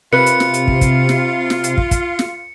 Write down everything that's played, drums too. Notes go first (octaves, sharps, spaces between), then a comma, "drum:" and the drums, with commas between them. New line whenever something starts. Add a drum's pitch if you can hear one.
C3 F4 B4 C#7
drum: hi-hat
drum: snare
drum: hi-hat
drum: kick
drum: kick, hi-hat
drum: snare
drum: snare
drum: hi-hat
drum: kick
drum: kick, hi-hat
drum: snare